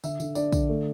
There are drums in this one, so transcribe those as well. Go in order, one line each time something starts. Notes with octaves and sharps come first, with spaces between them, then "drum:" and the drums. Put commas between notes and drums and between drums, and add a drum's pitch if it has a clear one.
D3 E5, drum: tambourine
D3, drum: tambourine
D4 D5, drum: tambourine
D3, drum: kick, tambourine
A3